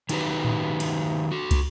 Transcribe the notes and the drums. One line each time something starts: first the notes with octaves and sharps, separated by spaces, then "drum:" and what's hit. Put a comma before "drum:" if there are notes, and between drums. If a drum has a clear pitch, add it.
D#3 D#4 F#4 G4 B4, drum: cymbal
drum: tom A2
drum: cymbal
F#4 A4
drum: kick, cymbal